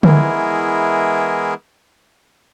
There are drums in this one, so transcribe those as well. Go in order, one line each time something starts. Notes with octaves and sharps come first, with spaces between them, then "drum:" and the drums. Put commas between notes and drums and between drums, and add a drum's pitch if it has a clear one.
E3 G#3 B3 E4 G#4 A#4, drum: tom D3